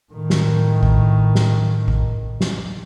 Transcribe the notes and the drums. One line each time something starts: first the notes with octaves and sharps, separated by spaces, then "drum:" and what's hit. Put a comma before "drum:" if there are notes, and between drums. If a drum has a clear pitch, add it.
A2 D#3
drum: snare
drum: kick A1
drum: snare
drum: kick A1
drum: snare